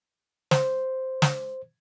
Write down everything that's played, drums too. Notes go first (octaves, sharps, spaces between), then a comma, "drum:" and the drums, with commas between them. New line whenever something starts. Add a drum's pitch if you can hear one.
C5, drum: snare
drum: snare